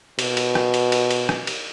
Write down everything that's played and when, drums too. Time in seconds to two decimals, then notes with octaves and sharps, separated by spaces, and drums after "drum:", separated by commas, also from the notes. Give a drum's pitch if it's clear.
0.19 B2, drum: cymbal
0.37 drum: cymbal
0.55 drum: rim click
0.74 drum: cymbal
0.92 drum: cymbal
1.11 drum: cymbal
1.29 drum: rim click
1.47 drum: cymbal